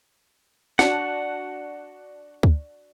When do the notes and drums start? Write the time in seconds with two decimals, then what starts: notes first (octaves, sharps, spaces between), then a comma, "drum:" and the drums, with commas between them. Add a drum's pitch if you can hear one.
0.79 D4 F#4 F#5 A5, drum: snare
2.43 drum: kick D2